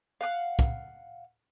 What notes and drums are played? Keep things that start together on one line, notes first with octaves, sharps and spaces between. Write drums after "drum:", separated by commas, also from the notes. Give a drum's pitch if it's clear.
F5 F#5 D6 F6
drum: kick